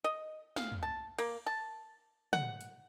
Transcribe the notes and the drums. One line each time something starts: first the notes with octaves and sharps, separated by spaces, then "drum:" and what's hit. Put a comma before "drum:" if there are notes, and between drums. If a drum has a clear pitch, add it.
D#5
F5, drum: snare
drum: tom
A5
A#3, drum: cymbal
A5
F#5, drum: tom
drum: hi-hat